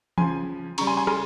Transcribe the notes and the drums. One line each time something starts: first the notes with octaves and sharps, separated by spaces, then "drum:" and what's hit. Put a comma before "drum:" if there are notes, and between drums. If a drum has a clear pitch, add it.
C#3 F3 G#5 C6, drum: tom E3
C#3 G3 A#5 C#6, drum: cymbal
G#5 C6
G#5 C6
G#5 C6, drum: rim click